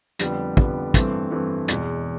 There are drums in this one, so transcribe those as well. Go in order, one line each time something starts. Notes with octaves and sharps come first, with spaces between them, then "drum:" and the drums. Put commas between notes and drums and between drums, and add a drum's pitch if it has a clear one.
F2 D3 G3 B3, drum: hi-hat
F2 D3 G3 B3, drum: kick
G2 E3 A3 C4, drum: kick, hi-hat
G2 E3 A3 C4
E2 B2 G#3, drum: hi-hat